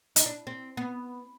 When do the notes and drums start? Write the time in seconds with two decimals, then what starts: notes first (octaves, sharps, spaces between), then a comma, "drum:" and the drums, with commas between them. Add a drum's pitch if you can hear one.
0.16 D#4, drum: hi-hat
0.26 D4
0.47 C4
0.77 B3